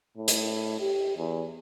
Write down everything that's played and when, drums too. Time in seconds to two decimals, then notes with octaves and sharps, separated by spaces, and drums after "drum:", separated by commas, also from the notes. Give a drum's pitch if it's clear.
0.17 A2
0.28 drum: hi-hat
0.81 G4
1.18 E2